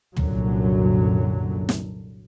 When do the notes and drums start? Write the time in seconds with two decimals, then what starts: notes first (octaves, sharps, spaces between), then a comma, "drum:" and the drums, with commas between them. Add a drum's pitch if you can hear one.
0.17 C2 F#2 A#2 D3 F#3, drum: tom
1.69 drum: snare